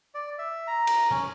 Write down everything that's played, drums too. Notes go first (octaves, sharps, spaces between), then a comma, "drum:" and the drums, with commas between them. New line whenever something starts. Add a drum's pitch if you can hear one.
D5
E5
A#5
drum: cymbal
C#4, drum: tom A#2